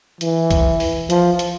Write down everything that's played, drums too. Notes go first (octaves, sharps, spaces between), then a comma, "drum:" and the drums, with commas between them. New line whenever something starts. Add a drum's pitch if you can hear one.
E3, drum: hi-hat
drum: kick B1, hi-hat
drum: open hi-hat
F3, drum: hi-hat
drum: hi-hat